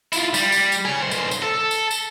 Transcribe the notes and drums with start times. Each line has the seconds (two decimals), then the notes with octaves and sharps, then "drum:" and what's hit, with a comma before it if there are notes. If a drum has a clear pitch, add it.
0.13 E4 F4, drum: tambourine
0.34 G3, drum: tambourine
0.52 drum: tambourine
0.72 drum: tambourine
0.85 G#4 C#5
1.02 B1 C5
1.12 drum: tambourine
1.31 drum: tambourine
1.42 A4
1.71 drum: tambourine
1.91 drum: tambourine